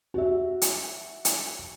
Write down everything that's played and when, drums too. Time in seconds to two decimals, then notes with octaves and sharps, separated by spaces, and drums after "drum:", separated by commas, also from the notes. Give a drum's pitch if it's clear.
0.14 F#4 E5
0.62 drum: hi-hat
1.25 drum: hi-hat